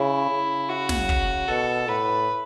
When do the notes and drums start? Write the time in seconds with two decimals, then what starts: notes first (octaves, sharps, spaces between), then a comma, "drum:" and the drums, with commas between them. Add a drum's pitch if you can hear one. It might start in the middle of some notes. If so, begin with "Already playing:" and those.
Already playing: C#3 E4
0.30 C#3
0.69 F#4
0.89 drum: snare
1.09 drum: kick
1.48 B2 A4
1.88 A2 B4